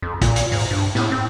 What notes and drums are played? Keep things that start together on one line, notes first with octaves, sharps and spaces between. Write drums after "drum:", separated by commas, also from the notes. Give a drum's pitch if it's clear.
F2
A#2, drum: kick, hi-hat
drum: hi-hat
G#2, drum: open hi-hat
G2
A2, drum: snare
C4